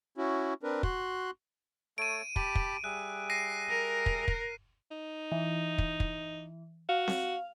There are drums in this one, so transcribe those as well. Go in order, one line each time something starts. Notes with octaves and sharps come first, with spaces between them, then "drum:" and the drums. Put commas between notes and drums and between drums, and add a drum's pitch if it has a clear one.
C#4 E4 F#4
C4 D4 A#4 B4
F#4 C6 F#6, drum: kick
A3 A4 C#5 D7 D#7
G4 A5 B5, drum: kick
drum: kick
G3 G#4 E5 F#6
A#6 C7 D#7
A#4
drum: kick
drum: kick
D#4
E3
drum: kick
drum: kick
F#4 F5
drum: snare C4